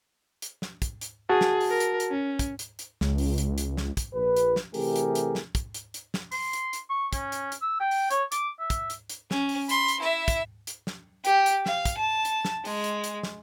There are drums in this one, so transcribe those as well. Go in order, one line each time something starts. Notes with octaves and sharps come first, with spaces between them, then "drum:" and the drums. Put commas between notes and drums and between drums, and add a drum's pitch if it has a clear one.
drum: hi-hat
drum: snare
drum: kick, hi-hat
drum: hi-hat
F#4 G#4 A5
drum: snare
drum: open hi-hat
A#4
drum: hi-hat
drum: hi-hat
C#4
drum: kick, hi-hat
drum: hi-hat
drum: hi-hat
C#2, drum: snare
drum: open hi-hat
drum: hi-hat
drum: hi-hat
drum: snare
drum: kick, hi-hat
A#1 B4
drum: hi-hat
drum: snare
C3 E3 A3 G4 G#4 A#4, drum: open hi-hat
drum: hi-hat
drum: hi-hat
drum: snare
drum: kick, hi-hat
drum: hi-hat
drum: hi-hat
drum: snare
C6, drum: open hi-hat
drum: hi-hat
drum: hi-hat
C#6
C#4, drum: kick, hi-hat
drum: hi-hat
drum: hi-hat
E6
G5
drum: open hi-hat
C#5, drum: hi-hat
D6, drum: hi-hat
E5
drum: kick, hi-hat
drum: hi-hat
drum: hi-hat
C#4, drum: snare
drum: open hi-hat
B5 C6, drum: hi-hat
drum: hi-hat
E4 E5
drum: kick, hi-hat
drum: hi-hat
drum: snare
G4, drum: hi-hat
drum: hi-hat
F5, drum: snare
drum: kick, hi-hat
A5
drum: hi-hat
drum: snare
G#3, drum: open hi-hat
drum: hi-hat
drum: hi-hat
drum: snare